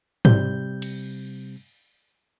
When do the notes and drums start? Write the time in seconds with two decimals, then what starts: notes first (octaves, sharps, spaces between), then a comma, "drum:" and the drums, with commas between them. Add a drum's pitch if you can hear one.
0.25 C3 G3 C4 G6, drum: tom G#2
0.82 drum: cymbal